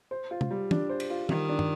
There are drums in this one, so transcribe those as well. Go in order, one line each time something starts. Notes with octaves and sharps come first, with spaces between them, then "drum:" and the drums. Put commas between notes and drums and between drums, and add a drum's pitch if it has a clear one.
C5
F4
drum: tom
G3
D4, drum: tom
C5
drum: cymbal
F4
D#3 G3, drum: tom
D4
drum: tom